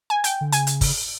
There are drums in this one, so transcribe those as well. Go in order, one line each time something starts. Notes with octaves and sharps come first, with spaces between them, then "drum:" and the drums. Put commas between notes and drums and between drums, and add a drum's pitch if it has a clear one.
G#5
G5, drum: hi-hat
D3
C#3 G#5, drum: hi-hat
drum: hi-hat
drum: kick, open hi-hat